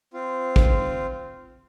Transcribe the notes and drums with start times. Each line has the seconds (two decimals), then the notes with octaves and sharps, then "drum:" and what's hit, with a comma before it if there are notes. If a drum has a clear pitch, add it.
0.14 C4 F4
0.56 drum: kick